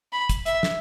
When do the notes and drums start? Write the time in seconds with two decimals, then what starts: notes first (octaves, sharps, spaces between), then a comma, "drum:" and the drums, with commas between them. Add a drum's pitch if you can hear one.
0.13 B5
0.29 drum: kick, hi-hat
0.46 E5, drum: hi-hat
0.63 drum: snare